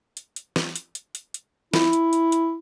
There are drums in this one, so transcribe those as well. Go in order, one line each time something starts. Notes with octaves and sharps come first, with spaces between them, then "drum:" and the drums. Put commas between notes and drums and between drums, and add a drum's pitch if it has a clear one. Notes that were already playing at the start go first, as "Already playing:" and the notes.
drum: hi-hat
drum: hi-hat
drum: snare
drum: hi-hat
drum: hi-hat
drum: hi-hat
drum: hi-hat
E4, drum: snare
drum: hi-hat
drum: hi-hat
drum: hi-hat